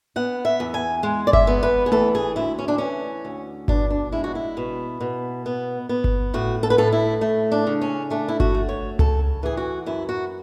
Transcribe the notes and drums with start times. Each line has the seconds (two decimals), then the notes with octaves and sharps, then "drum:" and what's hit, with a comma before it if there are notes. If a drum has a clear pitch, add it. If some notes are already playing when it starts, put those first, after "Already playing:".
0.16 B3 F#5
0.45 E5
0.60 E2
0.74 G#5
1.03 G#3
1.27 D5
1.33 E5, drum: kick G1
1.47 B3
1.63 B4
1.86 G#4
1.92 E3 A4, drum: tom A3
2.15 G#4
2.36 D2 E4
2.59 C#4
2.68 D4
2.78 E3 C#4
3.25 D2
3.68 B2 D4, drum: kick G1
3.90 D4
4.12 G#3 E4
4.24 F#4
4.35 E4
4.57 B2
5.01 B2
5.46 B3
5.89 B3
6.04 drum: kick G1
6.34 A2 F#4
6.63 A4
6.70 B4
6.78 A2 A4
6.92 E4
7.21 A3
7.52 D4
7.67 C#3
7.81 C#4
8.10 A3 D4
8.28 E4
8.40 F#4, drum: kick G1
8.54 A3
8.69 C#5
8.99 C#3 A4, drum: tom C#2
9.43 E3 G#4
9.57 F#4
9.86 F#2 E4
10.09 F#4